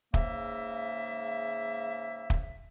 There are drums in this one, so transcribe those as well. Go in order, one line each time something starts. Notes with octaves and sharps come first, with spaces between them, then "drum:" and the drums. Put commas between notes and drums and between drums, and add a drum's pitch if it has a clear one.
G#2 C#3 A#3 E5, drum: kick
drum: kick